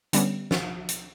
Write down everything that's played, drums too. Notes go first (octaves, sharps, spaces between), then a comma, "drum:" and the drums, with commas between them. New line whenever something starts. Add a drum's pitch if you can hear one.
D3 G3 B3 C#4, drum: hi-hat
drum: snare
drum: hi-hat